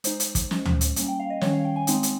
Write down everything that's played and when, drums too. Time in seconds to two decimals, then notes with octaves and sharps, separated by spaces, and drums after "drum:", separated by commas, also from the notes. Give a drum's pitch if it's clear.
0.04 G#3 D#4 C5, drum: hi-hat
0.20 drum: hi-hat
0.35 drum: kick, hi-hat
0.51 G#3 C#4, drum: snare
0.65 drum: tom
0.81 drum: hi-hat
0.96 G3 A#3 C#4, drum: hi-hat
1.08 G5
1.20 F5
1.30 D#5
1.41 D#3 G3 C#4 C#5, drum: snare
1.53 F5
1.65 G5
1.76 G#5
1.87 G#3 C4 D#4 G5, drum: hi-hat
2.03 drum: hi-hat